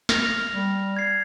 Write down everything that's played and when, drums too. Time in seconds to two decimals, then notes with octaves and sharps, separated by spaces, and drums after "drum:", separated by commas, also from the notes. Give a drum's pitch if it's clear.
0.09 F6 A#6 F7, drum: snare
0.49 G3
0.97 G#6 C7